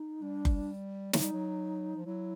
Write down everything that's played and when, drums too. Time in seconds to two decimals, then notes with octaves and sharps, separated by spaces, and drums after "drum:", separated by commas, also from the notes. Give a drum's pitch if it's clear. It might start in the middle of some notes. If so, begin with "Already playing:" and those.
Already playing: D#4
0.22 G3 D4
0.45 drum: kick F#1
1.13 F#3 D#4, drum: snare
1.23 G3
1.33 F#3
1.96 F3
2.05 F#3 E4